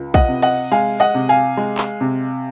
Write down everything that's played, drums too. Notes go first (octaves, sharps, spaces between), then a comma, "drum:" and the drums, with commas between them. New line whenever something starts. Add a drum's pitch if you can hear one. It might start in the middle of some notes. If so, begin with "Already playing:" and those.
Already playing: C#2
D#5 F#5, drum: kick
C3
D#5 F#5, drum: cymbal
G#3 F5 G#5
D#5 F#5
C3
F5 G#5
G#3
drum: clap
C3